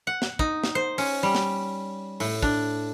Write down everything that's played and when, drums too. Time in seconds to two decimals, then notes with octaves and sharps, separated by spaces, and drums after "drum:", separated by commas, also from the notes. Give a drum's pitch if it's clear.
0.07 F#5
0.22 drum: snare
0.39 D#4, drum: kick
0.64 drum: snare
0.75 C5
0.98 C#4, drum: open hi-hat
1.23 G3
1.35 drum: snare
2.20 A2, drum: open hi-hat
2.43 D4, drum: kick